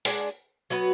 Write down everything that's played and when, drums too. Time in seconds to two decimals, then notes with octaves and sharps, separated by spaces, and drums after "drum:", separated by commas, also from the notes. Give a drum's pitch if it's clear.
0.05 G#3 D4 G#4 D5, drum: open hi-hat
0.70 F#3 B3 F#4 B4